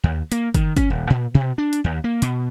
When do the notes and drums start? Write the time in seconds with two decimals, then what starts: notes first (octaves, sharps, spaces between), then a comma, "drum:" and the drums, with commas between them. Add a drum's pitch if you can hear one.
0.04 D#2
0.32 A#3, drum: hi-hat
0.54 D#3, drum: kick, hi-hat
0.77 C#4, drum: kick, hi-hat
0.90 D#1
1.10 A#2
1.34 B2
1.58 D4
1.73 drum: hi-hat
1.84 D#2
2.04 A#3
2.22 B2, drum: hi-hat